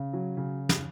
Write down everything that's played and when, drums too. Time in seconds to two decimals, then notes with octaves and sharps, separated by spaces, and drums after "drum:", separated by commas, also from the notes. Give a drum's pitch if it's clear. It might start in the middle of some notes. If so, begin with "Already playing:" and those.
Already playing: C#3
0.13 F#3
0.37 C#3
0.69 drum: snare